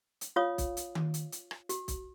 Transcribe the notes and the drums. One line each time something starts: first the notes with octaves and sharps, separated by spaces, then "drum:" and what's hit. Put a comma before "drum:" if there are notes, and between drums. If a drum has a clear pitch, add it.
drum: hi-hat
F4 C#5 F5 D#6
drum: kick, hi-hat
drum: hi-hat
drum: tom D#3
drum: hi-hat
drum: hi-hat
drum: rim click
F#4, drum: hi-hat
drum: kick, hi-hat